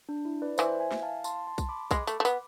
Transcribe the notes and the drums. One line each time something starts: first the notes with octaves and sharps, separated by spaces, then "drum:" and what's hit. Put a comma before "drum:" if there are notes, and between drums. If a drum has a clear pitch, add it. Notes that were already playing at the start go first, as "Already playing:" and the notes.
D4
E4
B4 D5
E3 C5 E5, drum: tambourine
E5 G#5
drum: snare
F5 A5
A5 C6, drum: tambourine
A5 C6
drum: kick B1, tambourine
B5 D6
G#3 B5 D6, drum: kick B1, tambourine
A3, drum: tambourine
A3
B3, drum: tambourine